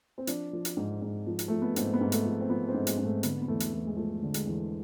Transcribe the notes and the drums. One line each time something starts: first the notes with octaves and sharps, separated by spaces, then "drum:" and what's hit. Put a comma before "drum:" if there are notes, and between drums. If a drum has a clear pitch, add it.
C4
F3 D4, drum: hi-hat
F3
drum: hi-hat
G#2
G#2
F3
drum: hi-hat
F3 A3
B3
G#2 C4, drum: hi-hat
B3
G#2
A3, drum: hi-hat
F3
C4
F3 B3
C4
G#2
G#3, drum: hi-hat
G#2 G#3
A3
D3 B3, drum: hi-hat
B3
E2 A3
drum: hi-hat
E2 A3
G#3
F3 A3
D3
G#3, drum: hi-hat
E2